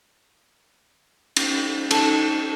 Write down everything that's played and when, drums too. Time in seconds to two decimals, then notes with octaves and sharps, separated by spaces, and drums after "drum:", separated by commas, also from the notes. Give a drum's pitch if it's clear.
1.36 drum: cymbal
1.91 D#4 A4, drum: cymbal